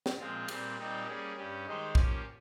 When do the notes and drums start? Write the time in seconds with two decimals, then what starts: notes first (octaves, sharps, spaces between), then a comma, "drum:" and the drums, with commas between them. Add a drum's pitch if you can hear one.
0.06 drum: snare
0.18 A#2 F3 G#3 C4 F4
0.48 A#2 G3 C4, drum: cymbal
0.78 A#2 G3 C4 D#4 G4
1.07 G3 A#3 C#4 G#4
1.37 G2 G3 C#4 G4
1.66 D#3 G#3 D#4 G4 C5
1.95 F3 A#3 C#4 G4, drum: kick